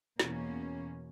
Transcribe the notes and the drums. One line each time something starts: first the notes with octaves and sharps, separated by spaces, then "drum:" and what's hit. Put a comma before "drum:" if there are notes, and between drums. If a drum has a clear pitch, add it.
E2 B2 A#3 C#4, drum: snare